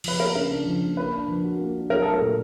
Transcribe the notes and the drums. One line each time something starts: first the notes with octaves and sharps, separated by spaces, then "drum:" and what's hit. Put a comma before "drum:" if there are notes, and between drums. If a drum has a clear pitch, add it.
F3 B4, drum: cymbal
A#3 A#4
C#3 A#4
D4
F3
A#3
A#3 B4
D4
F3
F#4
A#3
D4
F#3 A#4
A3 A4
A#4
A#2